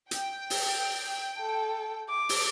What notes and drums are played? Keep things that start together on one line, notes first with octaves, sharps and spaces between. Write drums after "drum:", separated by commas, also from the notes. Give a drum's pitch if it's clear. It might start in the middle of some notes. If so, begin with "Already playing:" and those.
G5, drum: hi-hat
drum: open hi-hat
A4
D6
drum: open hi-hat